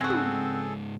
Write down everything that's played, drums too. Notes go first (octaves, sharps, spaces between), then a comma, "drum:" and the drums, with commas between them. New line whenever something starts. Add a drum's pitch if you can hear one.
C#2 G#2 G#3 C4 F#4 G#4 A4
drum: tom